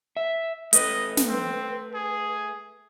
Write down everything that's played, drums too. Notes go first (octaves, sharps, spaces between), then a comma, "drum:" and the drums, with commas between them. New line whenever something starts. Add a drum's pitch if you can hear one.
E5
A3 B4 D#5, drum: hi-hat
drum: snare
C4
G#4